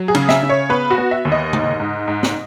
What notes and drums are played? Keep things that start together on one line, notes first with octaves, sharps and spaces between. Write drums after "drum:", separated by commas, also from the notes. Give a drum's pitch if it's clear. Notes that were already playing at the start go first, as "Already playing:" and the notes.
Already playing: F#3
G#4
C#3, drum: cymbal
E5, drum: snare
C#3
C#5
B3 B4
F#4
B3
E5
D#2
D#5
G#2, drum: tom C#3
G#2
G#2
drum: snare